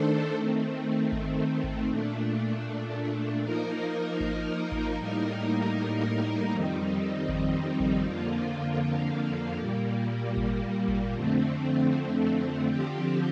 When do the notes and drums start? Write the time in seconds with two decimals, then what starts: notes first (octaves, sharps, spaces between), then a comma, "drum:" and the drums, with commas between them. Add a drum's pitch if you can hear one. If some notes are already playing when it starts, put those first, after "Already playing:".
Already playing: D#3 A3 D4 A4 C5
0.35 D#3 A3 C4
1.12 drum: kick G#1
1.64 drum: kick G#1
1.89 A#2 A3 D4
3.43 F3 A#3 D#4 A#4
4.20 drum: kick G#1
4.72 drum: kick G#1
4.98 A2 G3 A#3 D#4 A#4
6.52 F2 D#3 G3 C4 D#4
7.29 drum: kick G#1
7.80 drum: kick G#1
8.06 F2 D3 F3 A#3 F4
9.59 A#2 G3 A#3
10.37 drum: kick G#1
10.88 drum: kick G#1
11.14 F2 D3 A3 C4
12.68 D3 F3 C4 G4